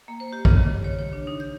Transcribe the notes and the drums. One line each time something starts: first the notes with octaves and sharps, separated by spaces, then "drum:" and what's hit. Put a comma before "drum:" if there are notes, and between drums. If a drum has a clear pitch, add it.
A#3
C5
G4
C#3, drum: kick
D#3
C#5
C#5
D4
D#4
G6